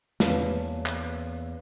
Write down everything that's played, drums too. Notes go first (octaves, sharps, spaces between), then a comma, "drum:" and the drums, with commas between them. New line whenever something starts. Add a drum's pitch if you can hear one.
E2 A#3 C#4 B4 F5 A5, drum: snare
drum: clap